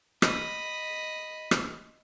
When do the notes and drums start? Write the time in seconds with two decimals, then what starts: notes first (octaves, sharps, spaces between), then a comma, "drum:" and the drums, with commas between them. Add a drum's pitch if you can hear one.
0.22 D#5 B5, drum: rim click
1.51 drum: rim click